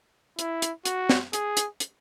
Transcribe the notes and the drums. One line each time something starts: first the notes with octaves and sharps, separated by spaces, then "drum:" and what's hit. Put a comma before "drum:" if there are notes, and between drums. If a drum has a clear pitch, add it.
E4, drum: hi-hat
drum: hi-hat
F#4, drum: hi-hat
drum: snare
G#4, drum: hi-hat
drum: hi-hat
drum: hi-hat